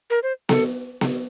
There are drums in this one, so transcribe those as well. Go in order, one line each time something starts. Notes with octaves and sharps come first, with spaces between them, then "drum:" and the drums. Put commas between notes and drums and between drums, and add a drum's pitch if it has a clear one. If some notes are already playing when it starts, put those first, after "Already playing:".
A#4
C5
A4, drum: snare B3
drum: snare B3